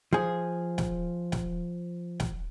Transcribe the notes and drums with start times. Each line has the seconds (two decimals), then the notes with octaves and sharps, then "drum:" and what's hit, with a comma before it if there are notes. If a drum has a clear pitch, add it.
0.13 F3 G#4
0.78 drum: snare
1.32 drum: snare
2.20 drum: snare